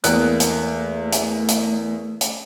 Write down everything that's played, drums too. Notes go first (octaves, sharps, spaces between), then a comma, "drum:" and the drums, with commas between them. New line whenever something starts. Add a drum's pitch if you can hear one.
E2 A3 A#3 F#6, drum: hi-hat
drum: hi-hat
drum: hi-hat
drum: hi-hat
drum: hi-hat